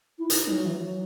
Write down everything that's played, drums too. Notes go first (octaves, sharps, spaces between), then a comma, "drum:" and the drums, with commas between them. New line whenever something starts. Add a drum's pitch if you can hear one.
E4
D#4, drum: hi-hat
G#3
F#3
E3
F#3